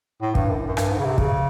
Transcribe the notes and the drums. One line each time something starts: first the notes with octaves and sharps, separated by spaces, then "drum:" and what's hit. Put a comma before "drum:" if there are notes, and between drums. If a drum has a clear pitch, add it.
A2
G2, drum: kick
F#2
F#2
G2, drum: rim click
G#2
C#3
C3
C#3, drum: kick